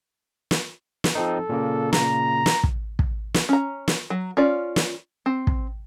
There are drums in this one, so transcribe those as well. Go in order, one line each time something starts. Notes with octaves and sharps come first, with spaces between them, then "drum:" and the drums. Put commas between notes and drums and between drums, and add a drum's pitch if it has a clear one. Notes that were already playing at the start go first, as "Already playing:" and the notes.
drum: snare
drum: snare
F3 C4 D#4 A4
A#2 C#3 A#3
A#5, drum: snare
drum: snare
drum: kick
drum: kick
drum: snare
C#4 A#5
drum: snare
F#3
C#4 F4 D5
drum: snare
C4
drum: kick